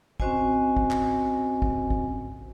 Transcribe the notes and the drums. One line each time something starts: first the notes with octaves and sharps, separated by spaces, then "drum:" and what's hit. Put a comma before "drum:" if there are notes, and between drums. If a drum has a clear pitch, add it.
C4 C#4 F#4 C5 D#5 G#5, drum: kick
drum: kick
drum: clap
drum: kick
drum: kick